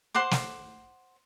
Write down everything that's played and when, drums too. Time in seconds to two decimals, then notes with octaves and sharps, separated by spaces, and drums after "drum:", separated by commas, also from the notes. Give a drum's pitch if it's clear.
0.15 C5 F#5 C6 D6
0.31 drum: snare